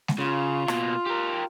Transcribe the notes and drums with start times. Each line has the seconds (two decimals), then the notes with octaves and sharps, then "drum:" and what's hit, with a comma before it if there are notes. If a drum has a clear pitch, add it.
0.08 drum: snare G#3
0.18 C#3 F4
0.68 B2 A#3, drum: rim click
1.06 G4 A#4